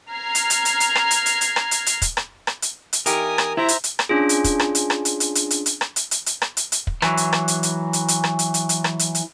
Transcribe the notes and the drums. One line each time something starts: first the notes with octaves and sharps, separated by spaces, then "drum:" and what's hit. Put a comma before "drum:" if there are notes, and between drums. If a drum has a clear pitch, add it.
A#5 F6 G#6 C7
drum: hi-hat
drum: hi-hat
drum: hi-hat
drum: hi-hat
drum: rim click
drum: hi-hat
drum: hi-hat
drum: hi-hat
drum: rim click
drum: hi-hat
drum: hi-hat
drum: kick, hi-hat
drum: rim click
drum: rim click
drum: hi-hat
drum: hi-hat
E2 D#4 G4 A#4 G#5 D#6, drum: hi-hat
drum: rim click
E4 C5 E5 A#5
drum: hi-hat
drum: hi-hat
drum: rim click
C#4 D4 F4 G#4
drum: hi-hat
drum: kick, hi-hat
drum: rim click
drum: hi-hat
drum: rim click
drum: hi-hat
drum: hi-hat
drum: hi-hat
drum: hi-hat
drum: hi-hat
drum: rim click
drum: hi-hat
drum: hi-hat
drum: hi-hat
drum: rim click
drum: hi-hat
drum: hi-hat
drum: kick
E3 F#3, drum: rim click
drum: hi-hat
drum: rim click
drum: hi-hat
drum: hi-hat
drum: hi-hat
drum: hi-hat
drum: rim click
drum: hi-hat
drum: hi-hat
drum: hi-hat
drum: rim click
drum: hi-hat
drum: hi-hat